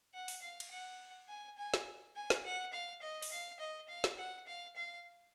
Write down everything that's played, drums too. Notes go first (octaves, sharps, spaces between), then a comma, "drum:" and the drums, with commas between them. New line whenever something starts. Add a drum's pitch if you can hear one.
F#5
drum: open hi-hat
F5
drum: cymbal
F#5
G#5
G#5
drum: snare
G#5
drum: snare
F#5
F5
D#5
drum: open hi-hat
F5
D#5
F5
drum: snare
F#5
F5
F5